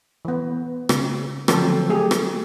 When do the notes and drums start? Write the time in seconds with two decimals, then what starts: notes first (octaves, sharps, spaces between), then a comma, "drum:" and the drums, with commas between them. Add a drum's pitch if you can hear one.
0.25 E3 B3
0.89 C#3, drum: rim click
1.48 D3 F3 F#3 C4 A4 C5, drum: rim click
1.89 A3 G4 G#4
2.11 drum: rim click